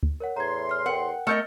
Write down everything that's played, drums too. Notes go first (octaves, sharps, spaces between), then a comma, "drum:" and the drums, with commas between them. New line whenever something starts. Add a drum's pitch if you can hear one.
drum: kick D2
A#4 C#5 F#5
E2 A2 A#5 C6 G#6
F6 C7
A#4 F#5 G5
A3 A#4 D#5 F6 G6 A6